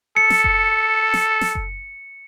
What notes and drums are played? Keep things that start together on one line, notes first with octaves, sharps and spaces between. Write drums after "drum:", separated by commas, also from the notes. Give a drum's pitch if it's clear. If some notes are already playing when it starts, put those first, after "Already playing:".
A4 C#7
drum: snare
drum: kick F#1
drum: snare
drum: snare
drum: kick F#1